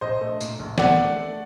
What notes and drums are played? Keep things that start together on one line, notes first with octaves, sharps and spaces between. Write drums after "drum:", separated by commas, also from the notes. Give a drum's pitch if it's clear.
A#1 C5 D#5
A3
A#2, drum: tambourine
A#1
A3 D5 F#5, drum: snare
A3
A3